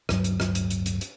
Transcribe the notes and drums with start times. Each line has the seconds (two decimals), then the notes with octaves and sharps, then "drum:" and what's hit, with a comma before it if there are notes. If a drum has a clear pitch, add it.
0.09 D1 G2 F#3, drum: rim click
0.24 drum: hi-hat
0.40 drum: rim click
0.55 drum: hi-hat
0.70 drum: hi-hat
0.86 drum: hi-hat
1.01 drum: hi-hat